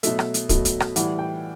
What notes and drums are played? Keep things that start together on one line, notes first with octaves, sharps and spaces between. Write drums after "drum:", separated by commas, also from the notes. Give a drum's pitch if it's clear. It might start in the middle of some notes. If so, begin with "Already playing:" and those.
B2 F#3 A3 E5, drum: hi-hat
drum: rim click
drum: hi-hat
B2 F#3 A3, drum: kick, hi-hat
drum: hi-hat
drum: rim click
A2 E3 G3 F#5, drum: hi-hat
G5